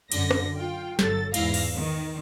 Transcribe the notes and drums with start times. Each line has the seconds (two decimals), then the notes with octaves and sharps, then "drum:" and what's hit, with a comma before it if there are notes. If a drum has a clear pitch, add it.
0.12 F#2 D3 A#6, drum: cymbal
0.31 drum: rim click
0.57 F4 G5
0.99 G1 F#3 A4 A6, drum: snare
1.34 E2 G#2 E4 F5 A#6, drum: cymbal
1.54 drum: cymbal
1.75 D#3